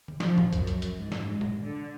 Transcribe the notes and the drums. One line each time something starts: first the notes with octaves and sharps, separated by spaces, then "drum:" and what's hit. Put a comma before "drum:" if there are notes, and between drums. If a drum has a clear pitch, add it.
drum: tom D3
F3, drum: snare
drum: tom A2
F#2, drum: kick C2, hi-hat
drum: hi-hat
drum: hi-hat
G#2
drum: snare
G#3
drum: tom A2
D3